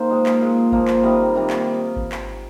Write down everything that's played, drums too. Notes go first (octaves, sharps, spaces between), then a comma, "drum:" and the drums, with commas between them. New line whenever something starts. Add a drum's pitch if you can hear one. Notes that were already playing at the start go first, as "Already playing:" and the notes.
Already playing: D#3 A#3 C5
A#2 G#3 D#5
F5, drum: clap
A#2 G#3
A#2 F3 A#3, drum: kick G#1
drum: clap
C3 D#3 G3 D#5
C3 D#3 G3 A#3
drum: clap
drum: kick G#1
drum: clap